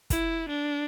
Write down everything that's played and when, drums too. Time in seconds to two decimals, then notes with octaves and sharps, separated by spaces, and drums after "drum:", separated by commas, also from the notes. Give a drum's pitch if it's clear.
0.10 E4, drum: kick, hi-hat
0.49 D4